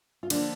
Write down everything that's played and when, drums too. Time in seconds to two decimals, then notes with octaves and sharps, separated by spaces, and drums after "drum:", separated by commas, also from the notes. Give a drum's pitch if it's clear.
0.23 F4
0.30 D3 F3 A#3 D4, drum: cymbal